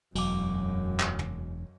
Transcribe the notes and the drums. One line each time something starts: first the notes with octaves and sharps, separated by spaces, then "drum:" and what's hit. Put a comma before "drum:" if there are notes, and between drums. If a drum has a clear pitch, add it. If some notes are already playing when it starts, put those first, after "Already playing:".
E1 F#2 F#3 D6, drum: cymbal
drum: clap
drum: tom